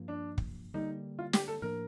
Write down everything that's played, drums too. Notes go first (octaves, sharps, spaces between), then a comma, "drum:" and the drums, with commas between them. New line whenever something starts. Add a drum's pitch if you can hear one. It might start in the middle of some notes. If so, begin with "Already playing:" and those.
Already playing: G2 F3 A#3
D4
drum: kick
D3 G3 A#3 D#4
F4
G4, drum: snare
A4
A2 F3 A#3 D4 A#4